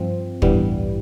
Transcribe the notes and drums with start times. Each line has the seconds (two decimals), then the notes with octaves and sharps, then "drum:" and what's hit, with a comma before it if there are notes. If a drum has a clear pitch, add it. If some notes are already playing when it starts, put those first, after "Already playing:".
Already playing: G2 F3 C4
0.42 A1 G2 E3 G3 B3, drum: kick